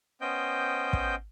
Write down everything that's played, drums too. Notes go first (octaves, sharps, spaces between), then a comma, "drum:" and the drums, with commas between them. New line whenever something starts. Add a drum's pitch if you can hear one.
B3 C#4 C5 D#5 G5 G6
drum: kick